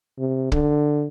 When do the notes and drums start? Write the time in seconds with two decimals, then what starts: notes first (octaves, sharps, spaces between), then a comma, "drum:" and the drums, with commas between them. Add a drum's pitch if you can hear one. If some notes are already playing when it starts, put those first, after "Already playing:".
0.19 C3
0.52 D3, drum: kick